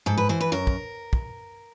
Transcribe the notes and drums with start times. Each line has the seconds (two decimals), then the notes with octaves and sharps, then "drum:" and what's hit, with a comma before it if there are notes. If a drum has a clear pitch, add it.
0.06 G#2 A4
0.18 B4
0.29 E3 C5
0.41 B4
0.52 F#2 A#4
0.67 drum: kick
1.13 drum: kick